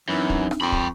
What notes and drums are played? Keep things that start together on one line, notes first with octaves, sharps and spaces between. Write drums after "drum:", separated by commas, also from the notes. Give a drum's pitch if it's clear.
F#2 E3 C4 D4 D#4
drum: kick
drum: rim click
F2 G5 B5 C#6
drum: kick